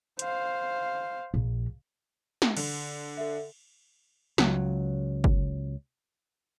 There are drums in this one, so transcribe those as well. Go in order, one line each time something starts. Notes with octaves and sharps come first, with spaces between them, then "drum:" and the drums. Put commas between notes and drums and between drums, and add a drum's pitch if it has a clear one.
C5 F5, drum: hi-hat
A#1
drum: snare
D3, drum: cymbal
A4 E5
C#2 F#3, drum: snare
drum: kick G1